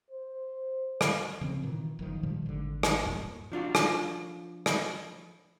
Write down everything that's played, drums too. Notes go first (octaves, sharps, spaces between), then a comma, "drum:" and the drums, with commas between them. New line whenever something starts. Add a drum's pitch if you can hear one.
C5
drum: rim click
C#3 F3 C4
A#2 D#3 E3
F#1 D#3 F3
A#2 D#3 F3 G3
G#1 D3
drum: rim click
F1 E2 G2 A#2
F3 D4 F4 F#4
drum: rim click
drum: rim click